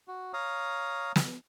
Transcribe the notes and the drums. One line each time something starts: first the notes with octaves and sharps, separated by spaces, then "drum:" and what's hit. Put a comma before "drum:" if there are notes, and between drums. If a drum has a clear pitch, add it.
F#4
C#5 F5 A#5 D#6
drum: snare